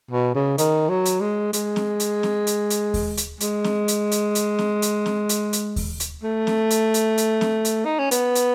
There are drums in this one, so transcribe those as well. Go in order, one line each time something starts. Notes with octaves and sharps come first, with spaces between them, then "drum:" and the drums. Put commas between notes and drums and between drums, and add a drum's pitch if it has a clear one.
B2
C#3
D#3, drum: hi-hat
F#3
drum: hi-hat
G#3
G#3, drum: hi-hat
drum: snare
drum: hi-hat
drum: snare
drum: hi-hat
drum: hi-hat
drum: kick D#2, open hi-hat
drum: hi-hat
G#3, drum: hi-hat
drum: snare
drum: hi-hat
drum: hi-hat
drum: hi-hat
drum: snare
drum: hi-hat
drum: snare
drum: hi-hat
drum: hi-hat
drum: kick D#2, open hi-hat
drum: hi-hat
A3
drum: snare
drum: hi-hat
drum: hi-hat
drum: hi-hat
drum: snare
drum: hi-hat
D#4
C#4
B3, drum: hi-hat
drum: hi-hat